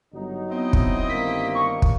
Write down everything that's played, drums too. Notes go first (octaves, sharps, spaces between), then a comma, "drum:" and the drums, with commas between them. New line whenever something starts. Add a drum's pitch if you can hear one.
G1 F#3 D#4
B3 C4 E4 D#5
drum: kick
G1 D#3 G3 A#3 B6
C#6
drum: kick